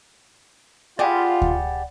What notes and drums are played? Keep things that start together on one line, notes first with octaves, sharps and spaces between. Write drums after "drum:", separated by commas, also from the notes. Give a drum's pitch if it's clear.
F4 G4 G#4 D5 F#5 B5
drum: kick D2